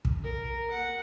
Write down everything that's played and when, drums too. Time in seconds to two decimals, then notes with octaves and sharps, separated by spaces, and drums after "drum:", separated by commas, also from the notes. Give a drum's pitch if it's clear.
0.05 drum: kick
0.24 A#4
0.71 F#5